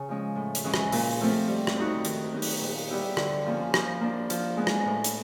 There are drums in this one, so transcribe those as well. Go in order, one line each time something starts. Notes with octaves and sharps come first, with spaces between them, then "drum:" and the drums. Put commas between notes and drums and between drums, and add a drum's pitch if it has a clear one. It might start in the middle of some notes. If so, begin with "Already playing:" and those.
Already playing: C#3
F3 G#3 C#4
A2
drum: hi-hat
E3 G#3 C#4 E4
drum: rim click
A#2, drum: open hi-hat
F3 A3 C4
G3
drum: rim click
C4 D#4 F#4
D#3, drum: hi-hat
F#3 B3 D#4 G4
drum: open hi-hat
A#2
G3 B3 E4 G4
D3, drum: rim click
F3 A#3 C#4
F3, drum: rim click
A#3 D4
F3, drum: hi-hat
G#3 B3
drum: rim click
A2
drum: hi-hat